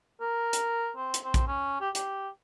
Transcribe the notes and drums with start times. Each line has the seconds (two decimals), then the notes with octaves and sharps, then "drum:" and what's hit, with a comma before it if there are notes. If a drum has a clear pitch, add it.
0.21 A#4
0.53 drum: hi-hat
0.97 C4
1.14 drum: hi-hat
1.24 C4
1.34 drum: kick A#1, hi-hat
1.47 C#4
1.80 G4
1.95 G4, drum: hi-hat